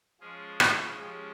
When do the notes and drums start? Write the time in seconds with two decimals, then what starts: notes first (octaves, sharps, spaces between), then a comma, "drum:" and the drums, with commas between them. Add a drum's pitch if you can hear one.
0.20 F3 G#3 C#4 F4 G#4
0.60 drum: rim click
0.99 F3 G#3 C#4 G4